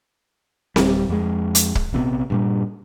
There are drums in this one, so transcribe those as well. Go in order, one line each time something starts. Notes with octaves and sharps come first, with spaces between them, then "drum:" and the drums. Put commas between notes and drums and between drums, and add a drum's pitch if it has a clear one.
D1 G3, drum: snare C4
F2 G#3
drum: hi-hat
drum: kick
A#1 C3 E3 B3
G2 A#2 G3